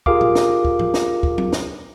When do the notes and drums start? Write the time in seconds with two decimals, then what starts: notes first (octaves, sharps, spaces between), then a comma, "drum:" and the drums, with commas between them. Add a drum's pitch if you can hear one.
0.06 F4 G4 G#4 A#4 F5 D6, drum: kick
0.21 drum: tom A#2
0.35 drum: snare
0.65 drum: kick
0.79 drum: tom G#2
0.94 drum: snare
1.23 drum: kick
1.38 drum: tom F#3
1.52 drum: snare